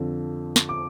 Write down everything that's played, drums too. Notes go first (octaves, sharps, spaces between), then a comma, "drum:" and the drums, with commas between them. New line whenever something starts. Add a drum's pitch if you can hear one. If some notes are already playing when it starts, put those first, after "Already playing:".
Already playing: F2 D3 F3
drum: snare
D6